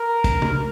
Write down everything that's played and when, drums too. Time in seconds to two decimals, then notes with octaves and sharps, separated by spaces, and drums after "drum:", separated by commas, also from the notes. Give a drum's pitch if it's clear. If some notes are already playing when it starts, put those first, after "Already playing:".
Already playing: A#4
0.24 drum: kick, hi-hat
0.42 drum: tom C3